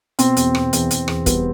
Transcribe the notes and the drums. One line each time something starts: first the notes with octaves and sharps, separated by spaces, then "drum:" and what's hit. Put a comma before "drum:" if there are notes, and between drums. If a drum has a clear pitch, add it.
B2 C4, drum: hi-hat
E2, drum: hi-hat
B2, drum: rim click
E2, drum: hi-hat
E2, drum: hi-hat
E2, drum: rim click
G3 B3, drum: kick, hi-hat